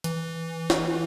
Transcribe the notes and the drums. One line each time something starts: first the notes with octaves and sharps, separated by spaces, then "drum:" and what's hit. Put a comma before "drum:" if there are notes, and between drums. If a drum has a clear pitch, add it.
E3, drum: hi-hat
drum: snare